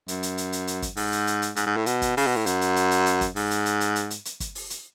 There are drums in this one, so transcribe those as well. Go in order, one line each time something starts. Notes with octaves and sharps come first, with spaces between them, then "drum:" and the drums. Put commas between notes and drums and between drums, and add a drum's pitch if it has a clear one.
F#2, drum: hi-hat
drum: hi-hat
drum: hi-hat
drum: hi-hat
drum: hi-hat
drum: kick, hi-hat
G#2, drum: open hi-hat
drum: hi-hat
drum: hi-hat
drum: hi-hat
G#2, drum: hi-hat
G#2
A2
B2, drum: hi-hat
drum: kick, hi-hat
C#3, drum: open hi-hat
B2
A2
F#2, drum: hi-hat
drum: hi-hat
drum: hi-hat
drum: hi-hat
drum: hi-hat
drum: kick, hi-hat
G#2, drum: open hi-hat
drum: hi-hat
drum: hi-hat
drum: hi-hat
drum: hi-hat
drum: hi-hat
drum: hi-hat
drum: kick, hi-hat
drum: open hi-hat
drum: hi-hat